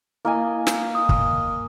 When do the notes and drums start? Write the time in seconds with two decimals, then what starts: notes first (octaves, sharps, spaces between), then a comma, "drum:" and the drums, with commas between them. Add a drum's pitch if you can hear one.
0.25 A#3 E4 D#5 G#5
0.67 drum: snare
0.95 D#6
1.09 drum: kick